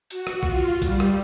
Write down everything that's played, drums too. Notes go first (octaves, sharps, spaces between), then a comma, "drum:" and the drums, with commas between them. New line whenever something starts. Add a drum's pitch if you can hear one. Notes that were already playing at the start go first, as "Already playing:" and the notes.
F#4, drum: hi-hat
drum: rim click
F4, drum: kick B1
G3, drum: kick B1, hi-hat
drum: rim click